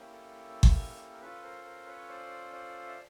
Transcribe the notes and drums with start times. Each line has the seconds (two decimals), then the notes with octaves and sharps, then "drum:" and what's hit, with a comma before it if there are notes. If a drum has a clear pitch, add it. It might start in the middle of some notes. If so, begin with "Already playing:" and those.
Already playing: A#3 C#4 E4 G4
0.12 A4
0.63 drum: kick G1
1.12 A#4
1.21 C#4 F4 A4 B4
1.43 A#4 C5
1.65 A#4 C5
1.87 B4 C#5
2.09 C5 D5
2.53 C5 D5
2.86 E5